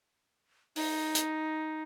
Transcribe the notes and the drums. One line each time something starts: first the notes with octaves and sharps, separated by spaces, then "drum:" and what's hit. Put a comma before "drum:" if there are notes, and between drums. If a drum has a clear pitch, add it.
D#4, drum: open hi-hat
drum: hi-hat